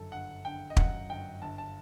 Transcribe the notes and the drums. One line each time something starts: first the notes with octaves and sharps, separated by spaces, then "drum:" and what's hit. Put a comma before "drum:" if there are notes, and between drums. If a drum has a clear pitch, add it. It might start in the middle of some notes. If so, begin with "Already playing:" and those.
Already playing: G1 F#2 A4
G1 F#5
D3 G5
D#5
F#2 F#5, drum: kick
G1 G5
G1 A5
A5